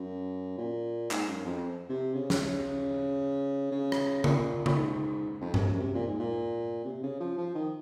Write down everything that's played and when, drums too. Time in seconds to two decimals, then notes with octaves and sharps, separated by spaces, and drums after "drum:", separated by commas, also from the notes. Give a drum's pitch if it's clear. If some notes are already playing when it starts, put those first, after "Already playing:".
Already playing: F#2
0.58 A#2
1.11 G#2, drum: clap
1.28 F#2
1.45 F2
1.89 C3
2.15 C#3
2.30 drum: snare
2.40 C#3
3.72 C#3
3.92 drum: rim click
4.24 A#2, drum: tom C#3
4.66 A#2, drum: tom C#3
4.76 G#2
5.41 F2
5.54 F#2, drum: tom G2
5.67 F#2
5.80 C3
5.94 A#2
6.07 G#2
6.19 A#2
6.85 C3
7.03 C#3
7.20 F3
7.38 F3
7.55 D#3